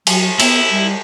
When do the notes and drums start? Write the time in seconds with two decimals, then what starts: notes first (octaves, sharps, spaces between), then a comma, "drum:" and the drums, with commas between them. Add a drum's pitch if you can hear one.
0.07 F#3, drum: cymbal
0.40 B3 E4, drum: cymbal
0.71 G3